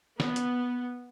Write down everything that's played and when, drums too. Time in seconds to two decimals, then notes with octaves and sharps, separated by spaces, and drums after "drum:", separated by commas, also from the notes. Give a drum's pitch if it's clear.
0.20 B3, drum: snare
0.36 drum: hi-hat